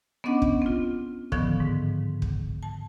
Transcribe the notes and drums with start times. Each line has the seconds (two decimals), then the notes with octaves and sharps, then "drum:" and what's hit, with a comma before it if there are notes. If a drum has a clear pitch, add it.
0.24 B3 C#4 D4 D#5 F#5 D6
0.42 drum: kick
0.62 C4 F4
1.32 A2 D3 D#3 F3 B3, drum: kick
1.60 G#2
2.22 drum: kick
2.63 A5